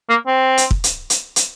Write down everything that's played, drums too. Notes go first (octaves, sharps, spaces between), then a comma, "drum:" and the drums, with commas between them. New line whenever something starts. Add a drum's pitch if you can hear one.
A#3
C4
drum: hi-hat
drum: kick
drum: hi-hat
drum: hi-hat
drum: hi-hat